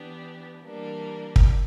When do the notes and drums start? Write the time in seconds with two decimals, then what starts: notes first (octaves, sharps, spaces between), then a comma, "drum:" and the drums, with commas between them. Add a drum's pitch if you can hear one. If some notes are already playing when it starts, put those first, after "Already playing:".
Already playing: E3 B3 D4 G4
0.64 E3 G3 A#3 D4
1.36 drum: kick